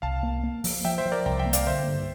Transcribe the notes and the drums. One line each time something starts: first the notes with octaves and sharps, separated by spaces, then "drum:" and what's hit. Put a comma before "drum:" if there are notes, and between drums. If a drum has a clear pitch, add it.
C2 F5 A5
A#3
A#3
F3, drum: open hi-hat
F3 E5 G5
C5 E5
F3
A#4 D5
C2 G5 A#5
E5 G5
A#3
D5 F5, drum: hi-hat
D3 C5 E5
G2